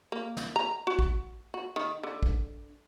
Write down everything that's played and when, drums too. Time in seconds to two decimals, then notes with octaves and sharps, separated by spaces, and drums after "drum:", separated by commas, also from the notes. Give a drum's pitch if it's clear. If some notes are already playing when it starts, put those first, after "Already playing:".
0.12 A#3
0.37 drum: snare
0.56 A#5
0.87 F#4
0.99 drum: kick
1.54 F#4
1.76 D#3
2.03 D3
2.23 drum: kick